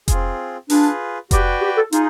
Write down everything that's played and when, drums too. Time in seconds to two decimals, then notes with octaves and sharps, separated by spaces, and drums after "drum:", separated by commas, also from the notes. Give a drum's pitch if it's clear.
0.08 C4 F4 G#4, drum: kick F1, hi-hat
0.70 D4 F4 G#4 B4, drum: open hi-hat
1.31 F#4 G4 B4 D5 G5, drum: kick F1, hi-hat
1.62 G4
1.77 A4
1.92 D#4 F4 G#4, drum: hi-hat